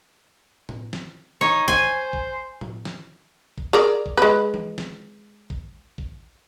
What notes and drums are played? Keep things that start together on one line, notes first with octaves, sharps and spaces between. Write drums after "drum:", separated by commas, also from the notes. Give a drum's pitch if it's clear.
drum: tom A2
drum: snare
D#4 C#5
C5 G#5, drum: kick A#1
drum: kick A#1
drum: tom A2
drum: snare
drum: kick A#1
G#4 A#4 D5
drum: kick A#1
G#3 B4
drum: tom E3
drum: snare
drum: kick A#1
drum: kick A#1